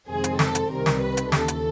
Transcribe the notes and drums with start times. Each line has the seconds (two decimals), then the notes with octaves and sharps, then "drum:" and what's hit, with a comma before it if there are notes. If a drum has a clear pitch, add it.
0.08 F2 C3 D#3 G#3 C4 G#4
0.24 drum: hi-hat
0.39 A4, drum: snare
0.55 drum: hi-hat
0.70 C2 C3 D#3 G3 A#4
0.86 drum: snare
1.01 B4
1.17 drum: hi-hat
1.32 D#2 C#3 E3 A4, drum: snare
1.48 drum: hi-hat